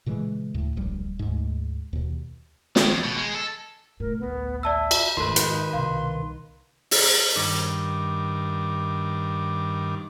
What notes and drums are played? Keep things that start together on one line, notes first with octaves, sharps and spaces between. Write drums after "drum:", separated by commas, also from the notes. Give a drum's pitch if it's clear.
A#2 C#3 E3 G#3
D2 A2
D1 A#1 G3
D2 G#2
D#2 B2
D#3, drum: snare
F2
B2
G#3
A4
C2 A2 A#4
A1 D2 B3
D5 E5 A5 E6
drum: cymbal
F2 G#2 D#3 A3 B4 C6
D#4, drum: hi-hat
C2 B2 F5 C6
drum: open hi-hat
G2 D#3 D6